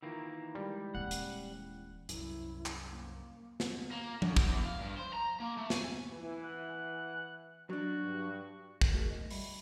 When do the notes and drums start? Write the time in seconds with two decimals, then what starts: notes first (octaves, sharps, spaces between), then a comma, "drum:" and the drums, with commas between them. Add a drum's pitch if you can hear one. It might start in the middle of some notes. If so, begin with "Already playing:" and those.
0.03 D#3 E3 A#3 D#4 F4
0.55 G3 G#3 E4
0.95 D#1 E3 F#5
1.11 drum: hi-hat
2.09 C2 F#2 E4, drum: hi-hat
2.66 drum: clap
2.90 A#3
3.60 drum: snare
3.91 A#3
4.22 F#2, drum: tom F3
4.36 F#2, drum: kick
4.48 E2
4.64 F5
4.81 G2
4.97 C5
5.13 A#5
5.40 A#3
5.57 A3
5.70 G#5, drum: snare
6.10 E3
6.43 F#5
7.70 F#3 D4 F#4
8.03 G2
8.81 drum: kick
8.94 A3 F#4 G#4 A#4
9.11 D#5
9.30 G3 E5 B5 C#7, drum: open hi-hat